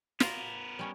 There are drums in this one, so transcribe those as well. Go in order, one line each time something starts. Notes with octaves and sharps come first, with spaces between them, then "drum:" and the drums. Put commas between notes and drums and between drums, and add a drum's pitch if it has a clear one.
B3 F4 A#4 A#5, drum: snare
G3 C#4 C#5